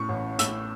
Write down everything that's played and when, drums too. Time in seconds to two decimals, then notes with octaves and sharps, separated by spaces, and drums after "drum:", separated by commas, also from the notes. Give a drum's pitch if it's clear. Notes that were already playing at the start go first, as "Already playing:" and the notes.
Already playing: A2 C#4 C#6
0.09 A1
0.39 A2 E6, drum: hi-hat